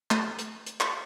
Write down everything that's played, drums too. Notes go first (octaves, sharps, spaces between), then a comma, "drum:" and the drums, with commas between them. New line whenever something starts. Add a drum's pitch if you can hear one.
A3, drum: clap
drum: hi-hat
drum: hi-hat
drum: clap